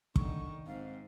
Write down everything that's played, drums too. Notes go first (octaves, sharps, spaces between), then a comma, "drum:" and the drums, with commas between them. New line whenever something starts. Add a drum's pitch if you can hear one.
D3 D#3 C#6, drum: kick
G#2 C4 F5